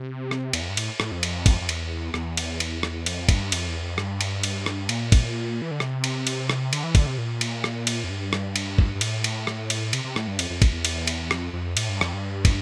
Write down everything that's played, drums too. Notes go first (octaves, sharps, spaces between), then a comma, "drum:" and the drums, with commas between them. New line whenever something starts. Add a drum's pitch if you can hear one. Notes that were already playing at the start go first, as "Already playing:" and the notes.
Already playing: C3
drum: rim click
E2, drum: cymbal
F2
G2
A2, drum: cymbal
A2, drum: rim click
F2
drum: cymbal
drum: kick, cymbal
F2
E2, drum: cymbal
E2, drum: rim click
drum: cymbal
drum: cymbal
drum: rim click
F2, drum: cymbal
G2, drum: kick, cymbal
F2, drum: cymbal
E2
F2
G2, drum: rim click
drum: cymbal
drum: cymbal
drum: rim click
A#2, drum: cymbal
drum: kick, cymbal
E3
D3
C3, drum: rim click
drum: cymbal
drum: cymbal
drum: rim click
D3, drum: cymbal
E3
D3, drum: kick, cymbal
C3
A#2
drum: cymbal
drum: rim click
drum: cymbal
F2
G2
drum: rim click
drum: cymbal
drum: kick
G2
A2, drum: cymbal
drum: cymbal
drum: rim click
drum: cymbal
C3, drum: cymbal
C3
A2, drum: rim click
G2
F2, drum: cymbal
F2
drum: kick, cymbal
E2
drum: cymbal
drum: cymbal
F2, drum: rim click
F2
A2, drum: cymbal
G2
F2, drum: rim click
G2
drum: kick, cymbal